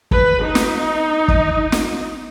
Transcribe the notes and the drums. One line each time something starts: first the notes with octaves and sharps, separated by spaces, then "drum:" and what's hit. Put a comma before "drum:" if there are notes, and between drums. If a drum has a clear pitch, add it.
B4, drum: kick
D#4
drum: snare
drum: kick
drum: snare